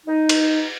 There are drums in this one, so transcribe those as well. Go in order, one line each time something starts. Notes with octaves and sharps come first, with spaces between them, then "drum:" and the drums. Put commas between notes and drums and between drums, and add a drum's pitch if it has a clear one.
D#4
drum: cymbal